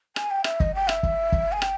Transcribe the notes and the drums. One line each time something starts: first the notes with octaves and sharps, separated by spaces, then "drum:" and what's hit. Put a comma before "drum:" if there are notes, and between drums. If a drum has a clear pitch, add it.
G#5, drum: rim click
G5
E5, drum: rim click
D#5, drum: kick
G5
E5, drum: rim click
drum: kick
drum: kick
G#5
G5, drum: rim click